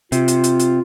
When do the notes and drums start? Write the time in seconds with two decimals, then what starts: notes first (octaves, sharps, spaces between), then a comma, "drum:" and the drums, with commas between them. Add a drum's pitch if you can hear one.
0.12 C3 F4, drum: hi-hat
0.28 drum: hi-hat
0.44 drum: hi-hat
0.59 drum: hi-hat